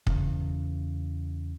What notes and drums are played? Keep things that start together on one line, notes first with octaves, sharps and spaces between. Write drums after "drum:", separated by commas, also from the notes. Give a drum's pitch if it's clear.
E2 C#3, drum: kick